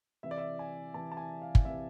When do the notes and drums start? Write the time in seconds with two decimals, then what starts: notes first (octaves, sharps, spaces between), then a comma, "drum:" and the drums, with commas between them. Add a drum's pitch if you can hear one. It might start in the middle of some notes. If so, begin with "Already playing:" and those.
0.23 C3 E3 E5
0.31 D5
0.38 E5
0.59 G#5
0.94 C3 E3 A5
1.12 A5
1.17 G#5
1.42 F5
1.55 drum: kick
1.65 C3 E3 E5